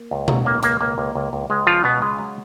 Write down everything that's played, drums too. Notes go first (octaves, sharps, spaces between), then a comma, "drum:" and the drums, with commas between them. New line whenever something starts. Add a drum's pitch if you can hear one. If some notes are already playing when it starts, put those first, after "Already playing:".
Already playing: A#3
C#2
F#3, drum: tom B2
C#2 A#3
C#2 A#3, drum: hi-hat
C#2 A#3
C#2
C#2
C#2
C#2 G#3
C#3 F3 F4
C#2 B2 B3
C#3 G#3
F#3